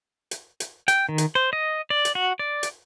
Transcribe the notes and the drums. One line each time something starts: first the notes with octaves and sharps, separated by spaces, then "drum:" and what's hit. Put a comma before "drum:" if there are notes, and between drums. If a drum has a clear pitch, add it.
drum: hi-hat
drum: hi-hat
G5, drum: hi-hat
D#3
drum: hi-hat
C5
D#5
D5
drum: hi-hat
F#4
D5
drum: hi-hat